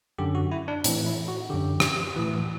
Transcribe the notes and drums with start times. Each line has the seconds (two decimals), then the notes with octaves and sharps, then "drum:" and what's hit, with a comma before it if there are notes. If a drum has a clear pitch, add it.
0.18 F#2 D3 G4
0.35 F#4
0.52 E4
0.68 D4
0.84 A2 E3 C4, drum: hi-hat
1.06 E4
1.28 F#4
1.50 F#2 D3 G4
1.80 drum: rim click
2.16 A2 E3